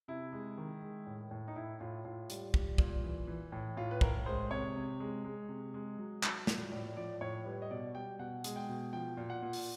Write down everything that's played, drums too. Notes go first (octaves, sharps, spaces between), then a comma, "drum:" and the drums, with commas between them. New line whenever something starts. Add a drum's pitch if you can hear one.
C3 E4
G#3
D#3
G#3
A2
A2
D#4
A2 E4
A2 F4
A2 F4
G3, drum: hi-hat
G3, drum: kick
A#2, drum: kick
E3
E3
A2
A2 F4
B4
A2 A#4, drum: kick
G#3 C5
C3 C#5
C3
G#3
G#3
C3
G#3
F#3
F#3, drum: clap
A#2, drum: snare
A2 D5
F3 D5
A2 C#5
G3 B4
D#5
B2 D5
G3 G5
B2 F#5
G#3, drum: hi-hat
G5
B2
F3 G5
A#2
F#5
A#2
drum: open hi-hat